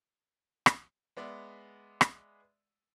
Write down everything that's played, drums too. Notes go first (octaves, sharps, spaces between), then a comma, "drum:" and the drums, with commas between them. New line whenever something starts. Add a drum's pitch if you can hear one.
drum: rim click
G#3 B3 D5 E5
drum: rim click